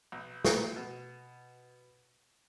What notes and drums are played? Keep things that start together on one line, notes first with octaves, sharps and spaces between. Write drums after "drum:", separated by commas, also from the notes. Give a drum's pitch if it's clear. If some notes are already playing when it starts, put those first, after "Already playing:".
B1
drum: snare
B2